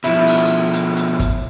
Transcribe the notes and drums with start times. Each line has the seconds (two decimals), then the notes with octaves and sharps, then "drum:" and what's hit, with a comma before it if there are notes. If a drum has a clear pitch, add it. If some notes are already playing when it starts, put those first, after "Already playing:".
0.04 B2 D#3 F3 E4, drum: hi-hat
0.27 drum: open hi-hat
0.73 drum: hi-hat
0.96 drum: hi-hat
1.19 drum: kick, hi-hat